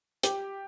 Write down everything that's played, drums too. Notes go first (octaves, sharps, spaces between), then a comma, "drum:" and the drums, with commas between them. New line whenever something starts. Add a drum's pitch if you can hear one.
G4, drum: hi-hat